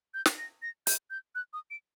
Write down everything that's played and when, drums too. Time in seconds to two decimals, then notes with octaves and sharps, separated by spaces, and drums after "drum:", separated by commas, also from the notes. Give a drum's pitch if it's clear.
0.14 G6
0.26 drum: snare
0.38 A#6
0.62 A#6
0.87 G6, drum: hi-hat
1.10 G6
1.35 F#6
1.53 D#6
1.71 D7